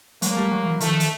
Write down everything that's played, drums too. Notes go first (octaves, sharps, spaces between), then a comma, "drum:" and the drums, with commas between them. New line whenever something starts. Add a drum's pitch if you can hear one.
F#3 G#3 A#3, drum: hi-hat
G3 A3
F#3 G#3
E3 F#3
D#3 F3 A3, drum: hi-hat
drum: hi-hat